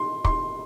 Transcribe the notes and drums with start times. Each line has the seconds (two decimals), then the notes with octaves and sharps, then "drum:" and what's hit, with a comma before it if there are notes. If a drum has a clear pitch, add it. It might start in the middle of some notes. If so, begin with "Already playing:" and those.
Already playing: C6
0.25 C6, drum: kick